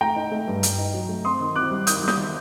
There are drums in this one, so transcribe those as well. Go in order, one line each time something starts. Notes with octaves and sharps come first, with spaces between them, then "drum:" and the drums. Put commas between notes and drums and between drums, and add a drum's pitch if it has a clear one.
A3 G5 A#5
D#4
A3
G2
G2, drum: hi-hat
D#4
F#3
A3
C4 C6 D#6
D#3
C4 D6 F#6
G3
D#3 D#6 G6, drum: hi-hat
G3
D#6 G6, drum: snare
D#3